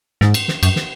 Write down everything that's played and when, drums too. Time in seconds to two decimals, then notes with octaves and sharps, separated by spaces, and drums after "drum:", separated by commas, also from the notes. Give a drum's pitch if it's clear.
0.21 G#2, drum: snare
0.34 drum: cymbal
0.48 drum: snare
0.63 F#2, drum: cymbal
0.76 drum: snare